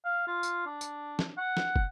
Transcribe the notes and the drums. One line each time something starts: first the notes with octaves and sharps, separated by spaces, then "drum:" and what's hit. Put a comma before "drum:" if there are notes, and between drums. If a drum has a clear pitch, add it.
F5
F4
drum: tambourine
D4
drum: tambourine
drum: snare
F#5
drum: snare
drum: kick